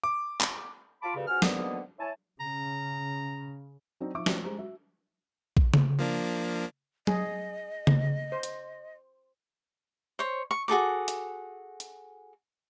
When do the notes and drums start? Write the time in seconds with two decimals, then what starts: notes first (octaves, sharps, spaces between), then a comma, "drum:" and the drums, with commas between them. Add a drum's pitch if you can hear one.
0.04 D6
0.41 drum: clap
1.02 F4 A5 B5 D6
1.15 D2 G2 C#3
1.27 C#2 G#2 F#4 G#5 F6
1.42 G#2 B2 D3 D#3 A#3 B3, drum: snare
1.99 E4 C#5 G#5 A5
2.40 C#3 A#5
4.00 F#3 C4 D4 D#4
4.15 F3 D#4 E5 C#6 D6
4.26 F3 F#3 A3 C4 G4 D5, drum: snare
4.44 G#3 G4 C5 A#5
4.58 F#4 E5
5.57 drum: kick A#1
5.74 drum: tom C#3
5.99 F3 A#3 D4
7.07 G#4 D#5, drum: tom F#3
7.87 drum: tom C#3
8.32 C5
8.43 drum: hi-hat
10.19 C5 C#5
10.51 C#6
10.68 F#4 G#4 A4 D6
11.08 drum: hi-hat
11.80 drum: hi-hat